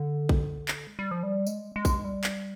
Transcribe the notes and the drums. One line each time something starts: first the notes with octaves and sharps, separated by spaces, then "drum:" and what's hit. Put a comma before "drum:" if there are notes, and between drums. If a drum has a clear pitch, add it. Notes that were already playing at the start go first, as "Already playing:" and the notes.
Already playing: D3
drum: kick
drum: clap
G#3
G3
F3
G3
G#3, drum: tambourine
G#3
drum: kick, tambourine
G3
drum: clap